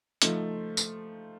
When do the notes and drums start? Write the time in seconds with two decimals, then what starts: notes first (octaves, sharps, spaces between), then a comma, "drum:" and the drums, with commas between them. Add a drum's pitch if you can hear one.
0.22 F3 A3 D#4, drum: hi-hat
0.77 drum: tambourine